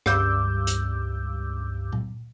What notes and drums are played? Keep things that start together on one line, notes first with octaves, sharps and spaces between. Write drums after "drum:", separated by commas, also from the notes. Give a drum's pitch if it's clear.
C#2 G2 D6 E6 G6, drum: rim click
drum: hi-hat
drum: tom A#2